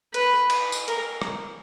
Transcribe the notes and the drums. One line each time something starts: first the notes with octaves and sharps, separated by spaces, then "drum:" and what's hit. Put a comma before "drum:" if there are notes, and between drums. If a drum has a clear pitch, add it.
B4, drum: hi-hat
drum: cymbal
drum: tambourine
A#4, drum: hi-hat
drum: rim click